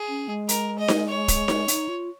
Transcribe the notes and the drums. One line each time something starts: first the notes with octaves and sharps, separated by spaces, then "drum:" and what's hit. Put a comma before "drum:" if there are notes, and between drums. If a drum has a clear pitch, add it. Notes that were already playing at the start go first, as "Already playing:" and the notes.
Already playing: G#4
C#4
G#3
A#4, drum: hi-hat
D#5
drum: snare D#4
C#5
drum: kick, hi-hat
drum: snare D#4
D#4, drum: hi-hat
F4